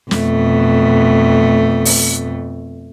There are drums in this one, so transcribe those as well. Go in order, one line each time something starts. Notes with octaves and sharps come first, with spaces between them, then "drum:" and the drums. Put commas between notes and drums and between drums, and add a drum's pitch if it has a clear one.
F2 B2 A3, drum: snare
drum: open hi-hat